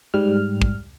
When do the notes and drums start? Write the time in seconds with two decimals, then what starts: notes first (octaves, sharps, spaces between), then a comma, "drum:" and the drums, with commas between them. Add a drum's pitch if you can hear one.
0.14 G#2 G3 F6
0.62 drum: kick